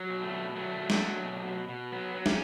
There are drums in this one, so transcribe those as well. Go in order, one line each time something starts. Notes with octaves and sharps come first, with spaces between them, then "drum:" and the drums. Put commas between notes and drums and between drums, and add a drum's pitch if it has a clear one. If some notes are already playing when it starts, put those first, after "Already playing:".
Already playing: F#3
B2
A3
B2
F#3 A3
F#3
drum: snare
F#3
B2
B2
B2
F#3 B3
F#3
C#4, drum: snare